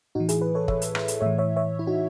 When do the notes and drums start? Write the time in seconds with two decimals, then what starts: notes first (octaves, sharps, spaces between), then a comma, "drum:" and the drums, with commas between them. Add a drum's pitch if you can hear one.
0.15 A2 E3 D#4 F#4
0.29 E4 G#4, drum: hi-hat
0.42 G#4 B4
0.55 A4 C#5
0.68 C#5 E5, drum: kick
0.82 drum: hi-hat
0.95 drum: rim click
1.08 drum: hi-hat
1.21 A2 E3 C#5 E5
1.38 C#5 E5
1.56 C#5 E5
1.79 E4
1.87 D#4 F#4